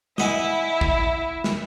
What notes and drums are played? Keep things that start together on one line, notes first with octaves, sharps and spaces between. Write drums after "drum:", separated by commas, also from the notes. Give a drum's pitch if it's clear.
E4 D#5 F#5 G#5, drum: snare
drum: kick
drum: snare